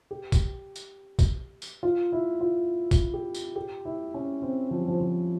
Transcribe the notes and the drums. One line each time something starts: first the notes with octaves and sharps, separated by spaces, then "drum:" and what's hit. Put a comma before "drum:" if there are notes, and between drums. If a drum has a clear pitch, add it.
G4
drum: kick, tambourine
drum: tambourine
drum: kick, tambourine
drum: tambourine
F4
E4
F4
drum: kick, tambourine
G4
drum: tambourine
G4
E4
C#4
C4
F3
G3
F3
F3